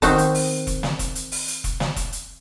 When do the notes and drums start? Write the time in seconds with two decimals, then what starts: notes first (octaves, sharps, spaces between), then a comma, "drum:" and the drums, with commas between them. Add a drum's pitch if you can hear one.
0.02 D#3 C4 D#4 F#4, drum: kick E1, hi-hat
0.18 drum: hi-hat
0.34 drum: open hi-hat
0.67 drum: kick E1, hi-hat
0.83 drum: snare
0.99 drum: kick E1, hi-hat
1.15 drum: hi-hat
1.32 drum: open hi-hat
1.48 drum: hi-hat
1.64 drum: kick E1, hi-hat
1.80 drum: snare
1.96 drum: kick E1, hi-hat
2.13 drum: hi-hat